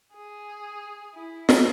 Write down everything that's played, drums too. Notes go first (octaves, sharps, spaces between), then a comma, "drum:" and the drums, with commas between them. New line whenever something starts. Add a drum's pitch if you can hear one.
G#4
E4
drum: snare